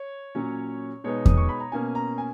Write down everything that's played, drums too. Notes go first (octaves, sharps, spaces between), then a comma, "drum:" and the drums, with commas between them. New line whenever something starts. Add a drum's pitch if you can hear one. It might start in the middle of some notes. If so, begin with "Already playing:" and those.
Already playing: C#5
A#2 F#3 C#4
B2 G#3 B3 D#4 C#5
D#6, drum: kick E2
C#6
B5
A#5
B2 A#3 C#4 G#5
A#5
G#5